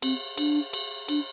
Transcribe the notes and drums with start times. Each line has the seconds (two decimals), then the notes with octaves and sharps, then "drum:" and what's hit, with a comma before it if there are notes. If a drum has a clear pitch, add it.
0.02 C4, drum: cymbal
0.38 D4, drum: cymbal
0.73 drum: cymbal
1.08 D4, drum: cymbal